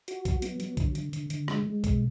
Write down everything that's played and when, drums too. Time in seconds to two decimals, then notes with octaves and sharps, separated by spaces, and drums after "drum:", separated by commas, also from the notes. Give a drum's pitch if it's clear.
0.08 F#4, drum: hi-hat
0.25 F#3, drum: kick B1, hi-hat
0.42 B3, drum: hi-hat
0.60 F#3, drum: hi-hat
0.77 D3, drum: kick B1, hi-hat
0.95 D3, drum: hi-hat
1.13 D3, drum: hi-hat
1.30 D3, drum: hi-hat
1.48 G#3, drum: rim click
1.67 G#3
1.84 B2, drum: kick B1, hi-hat